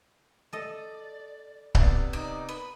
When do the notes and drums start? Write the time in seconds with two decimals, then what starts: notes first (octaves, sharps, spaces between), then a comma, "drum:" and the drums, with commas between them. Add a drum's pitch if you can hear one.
0.53 A4 D5 D#5
1.75 C3 B3 D5, drum: kick C#1
2.13 D#4 D5
2.49 B4